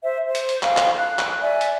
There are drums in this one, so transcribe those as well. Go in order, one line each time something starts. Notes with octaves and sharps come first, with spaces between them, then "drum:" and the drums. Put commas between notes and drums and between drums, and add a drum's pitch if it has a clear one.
C5 E5
C5
drum: hi-hat
drum: hi-hat
F5, drum: clap
drum: clap
F#6
drum: clap
D5 E5 G#5
drum: hi-hat